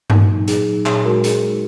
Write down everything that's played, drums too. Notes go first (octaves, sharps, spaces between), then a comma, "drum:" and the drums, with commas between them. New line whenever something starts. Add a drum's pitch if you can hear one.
A#2 A#3 D#4, drum: tom G2
F#3
A#2 D#4 G#4, drum: hi-hat
F#3
A#2 G#4 C#5, drum: clap
G#3 F#4 A#4
A#2 D#4 G#4, drum: hi-hat
G#3